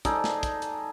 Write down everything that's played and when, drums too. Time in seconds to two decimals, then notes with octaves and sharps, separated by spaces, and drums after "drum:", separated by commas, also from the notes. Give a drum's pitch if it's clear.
0.05 D#4 G#4 A4 D5, drum: kick, hi-hat
0.24 drum: snare
0.43 drum: kick, hi-hat
0.62 drum: hi-hat